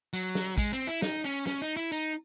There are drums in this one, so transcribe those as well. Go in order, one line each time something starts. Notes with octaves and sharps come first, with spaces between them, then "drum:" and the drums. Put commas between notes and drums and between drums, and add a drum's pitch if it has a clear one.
F#3, drum: tambourine
drum: snare
G#3, drum: kick, tambourine
C4
E4
D#4, drum: snare
C#4
C#4, drum: snare
D#4
E4
D#4, drum: tambourine